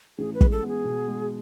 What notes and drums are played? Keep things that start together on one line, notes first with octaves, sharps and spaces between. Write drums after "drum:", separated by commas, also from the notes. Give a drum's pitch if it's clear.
A1 G#4
B4
G#3, drum: kick
A4
B3
G#4
B2
G#3